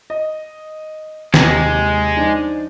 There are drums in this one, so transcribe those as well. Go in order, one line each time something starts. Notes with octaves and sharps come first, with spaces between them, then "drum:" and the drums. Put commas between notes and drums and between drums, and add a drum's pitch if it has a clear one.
D#5
D#2 C3 G#3, drum: snare
F3 D4 D#4